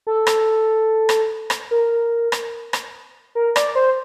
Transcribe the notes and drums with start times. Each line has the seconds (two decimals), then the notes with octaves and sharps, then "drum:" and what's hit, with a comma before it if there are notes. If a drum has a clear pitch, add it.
0.07 A4
0.27 drum: rim click
1.09 drum: rim click
1.50 drum: rim click
1.71 A#4
2.32 drum: rim click
2.73 drum: rim click
3.35 A#4
3.56 D5, drum: rim click
3.75 C5